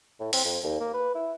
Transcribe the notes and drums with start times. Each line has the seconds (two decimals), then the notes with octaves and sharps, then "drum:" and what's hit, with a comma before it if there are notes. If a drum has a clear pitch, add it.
0.20 A2
0.33 C4, drum: open hi-hat
0.45 F2
0.63 D#2
0.80 A#3
0.94 B4
1.15 E4